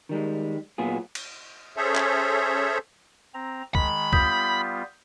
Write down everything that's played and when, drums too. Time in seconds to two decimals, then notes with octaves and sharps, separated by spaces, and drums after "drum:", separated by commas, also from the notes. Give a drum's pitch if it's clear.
0.09 D#3 G3 G#3
0.78 A#2 F#3 B3 F4 G#4
1.15 drum: cymbal
1.76 C#4 G#4 A4 C5 C#5 E5
1.95 drum: clap
3.34 C4 A#5
3.75 D#3 G#3 B5, drum: kick
4.13 G3 B3 F4 D#6 G6 B6, drum: kick